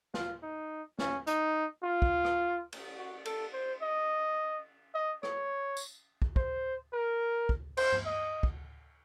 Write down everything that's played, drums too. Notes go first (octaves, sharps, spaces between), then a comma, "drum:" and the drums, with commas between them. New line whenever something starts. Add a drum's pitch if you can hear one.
F4, drum: snare
D#4
C#4, drum: snare
D#4, drum: hi-hat
F4
drum: kick
drum: rim click
drum: cymbal
F#4
A4, drum: cymbal
C5
D#5
D#5
C#5, drum: rim click
drum: tambourine
drum: kick
C5, drum: kick
A#4
drum: kick
C5, drum: cymbal
drum: tom G2
D#5
drum: kick